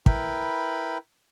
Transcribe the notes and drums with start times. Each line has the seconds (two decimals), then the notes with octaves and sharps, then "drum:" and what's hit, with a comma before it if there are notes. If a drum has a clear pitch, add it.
0.06 E4 A#4 B4 G5 B5, drum: kick